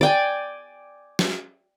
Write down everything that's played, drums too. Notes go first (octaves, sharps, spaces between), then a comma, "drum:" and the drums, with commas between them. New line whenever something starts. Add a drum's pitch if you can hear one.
D5 G5 G#5
drum: snare